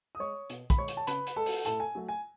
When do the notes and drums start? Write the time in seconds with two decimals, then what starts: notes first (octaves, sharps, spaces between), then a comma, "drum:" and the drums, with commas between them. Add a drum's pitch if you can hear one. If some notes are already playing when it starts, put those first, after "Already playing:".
0.15 D#6
0.20 G#3 C#5 C#6
0.50 B2, drum: hi-hat
0.70 B5, drum: kick, hi-hat
0.78 G#3 C#5 C#6
0.88 drum: hi-hat
0.97 A5
1.07 C#3 B4 B5, drum: hi-hat
1.27 drum: hi-hat
1.36 G#3 A4 A5
1.46 drum: open hi-hat
1.65 A2 A4 A5, drum: hi-hat
1.80 G#5
1.95 F#3 A3
2.09 G#5